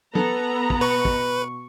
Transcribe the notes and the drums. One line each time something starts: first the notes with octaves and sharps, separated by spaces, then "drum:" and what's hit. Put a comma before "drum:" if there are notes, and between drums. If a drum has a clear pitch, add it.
B3 A4 A#5, drum: tom
drum: kick
B2 B4 C#6
drum: kick